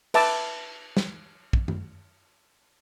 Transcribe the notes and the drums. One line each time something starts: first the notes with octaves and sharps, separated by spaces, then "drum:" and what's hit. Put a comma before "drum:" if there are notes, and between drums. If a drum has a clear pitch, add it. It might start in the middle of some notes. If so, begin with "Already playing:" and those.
B4 E5 A5 D6 E6, drum: cymbal
drum: snare
drum: kick
drum: tom F#2